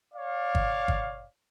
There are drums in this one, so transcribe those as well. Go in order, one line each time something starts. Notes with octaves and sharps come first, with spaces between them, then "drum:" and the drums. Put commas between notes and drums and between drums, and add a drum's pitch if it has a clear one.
C#5 D5 F5
drum: kick G1
drum: kick G1